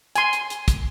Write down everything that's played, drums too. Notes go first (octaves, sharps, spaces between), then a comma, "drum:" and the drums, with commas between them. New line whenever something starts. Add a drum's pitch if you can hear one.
G#5 C6, drum: hi-hat
drum: hi-hat
drum: hi-hat
drum: kick, hi-hat